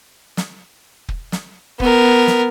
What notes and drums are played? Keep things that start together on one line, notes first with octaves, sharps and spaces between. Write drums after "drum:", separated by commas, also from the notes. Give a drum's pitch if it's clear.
drum: snare
drum: kick
drum: snare
B3 A#4, drum: kick
drum: snare